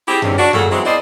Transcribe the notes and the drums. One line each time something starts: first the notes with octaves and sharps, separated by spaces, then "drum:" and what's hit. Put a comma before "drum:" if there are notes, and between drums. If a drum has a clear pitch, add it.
C4 E4 G4 G#4
E2 G2 C3 D#3 G3 C#4, drum: tom F#2
D4 F#4
A#2 C#3 F#3 A3 G#4 A4, drum: tom F#2
E3 F#3 G#3 B3 C4
E2 E4 C5 D5 D#5